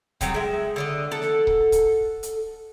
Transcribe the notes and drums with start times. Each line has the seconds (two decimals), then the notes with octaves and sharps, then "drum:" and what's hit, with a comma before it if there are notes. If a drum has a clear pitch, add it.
0.21 F#3 G3 C4 D#4, drum: kick C#1, hi-hat
0.34 G#3 E5
0.76 D3 D5 D#5
1.11 A4 F#5
1.22 drum: snare
1.47 drum: kick C#1
1.72 drum: kick C#1, hi-hat
2.23 drum: hi-hat